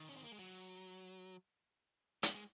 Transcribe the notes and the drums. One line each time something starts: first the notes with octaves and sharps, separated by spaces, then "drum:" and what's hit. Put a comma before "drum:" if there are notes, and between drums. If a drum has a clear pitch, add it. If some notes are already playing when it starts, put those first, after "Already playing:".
Already playing: D#3
C#4
C4
A#3
G#3
F#3
G#3, drum: hi-hat
G#3